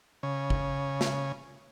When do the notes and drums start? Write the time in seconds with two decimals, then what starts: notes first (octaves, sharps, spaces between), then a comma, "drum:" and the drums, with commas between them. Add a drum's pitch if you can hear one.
0.23 C#3
0.50 drum: kick
1.01 drum: snare